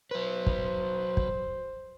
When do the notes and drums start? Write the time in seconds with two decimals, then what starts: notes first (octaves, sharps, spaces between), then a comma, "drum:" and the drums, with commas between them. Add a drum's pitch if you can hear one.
0.11 F#3 B4 C5
0.46 drum: kick
1.17 drum: kick